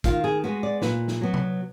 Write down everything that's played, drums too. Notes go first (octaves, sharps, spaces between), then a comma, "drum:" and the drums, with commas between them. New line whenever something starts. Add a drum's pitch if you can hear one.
D#3 F4, drum: kick, hi-hat
G#4
G#3 B3 F#4
D5
A#2 B4, drum: snare
drum: snare
F#3 B3
drum: tom C3